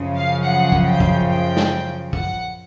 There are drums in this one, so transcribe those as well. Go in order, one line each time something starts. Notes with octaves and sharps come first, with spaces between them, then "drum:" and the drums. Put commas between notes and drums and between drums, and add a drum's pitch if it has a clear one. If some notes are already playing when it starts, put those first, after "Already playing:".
Already playing: F#2 C#3 F3
F5
F#5
drum: kick
G5
drum: kick
G5
drum: snare
F#5, drum: kick